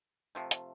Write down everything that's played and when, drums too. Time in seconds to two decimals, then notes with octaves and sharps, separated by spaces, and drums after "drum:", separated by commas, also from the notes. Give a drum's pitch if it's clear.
0.35 C3 F3 A3
0.51 drum: hi-hat